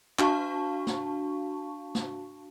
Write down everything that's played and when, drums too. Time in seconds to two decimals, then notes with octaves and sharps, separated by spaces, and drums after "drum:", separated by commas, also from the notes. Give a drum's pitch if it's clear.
0.19 D4 F#4 F5 A5 C#6, drum: clap
0.87 drum: snare
1.95 drum: snare